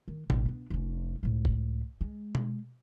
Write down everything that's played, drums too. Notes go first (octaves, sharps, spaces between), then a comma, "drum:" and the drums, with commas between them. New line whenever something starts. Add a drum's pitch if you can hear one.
D#3
A1 C4, drum: tom B2
B3 D4
F1 C#4
C#2 A2
drum: kick
G#3
drum: tom B2